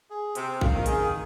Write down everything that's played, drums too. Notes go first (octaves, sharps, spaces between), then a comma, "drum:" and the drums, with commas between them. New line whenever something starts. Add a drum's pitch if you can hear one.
G#4
C3 C4, drum: hi-hat
F5, drum: kick A1
D#3
G#4, drum: hi-hat